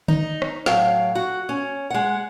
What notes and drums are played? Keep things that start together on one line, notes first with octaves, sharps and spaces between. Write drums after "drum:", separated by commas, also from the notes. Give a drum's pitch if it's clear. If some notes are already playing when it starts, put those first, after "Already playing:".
D#4, drum: tom
drum: rim click
A2 F#3 F5 G5, drum: snare
F#4
C#4
G#3 F#5